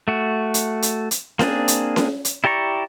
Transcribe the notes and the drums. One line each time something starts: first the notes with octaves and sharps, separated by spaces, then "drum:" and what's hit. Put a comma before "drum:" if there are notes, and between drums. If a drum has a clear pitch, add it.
A3 F#4
drum: hi-hat
drum: hi-hat
drum: hi-hat
A#3 C4 D4 G#4, drum: snare C#4
drum: hi-hat
drum: snare C#4
drum: hi-hat
E4 G4 D5 A#5 C#6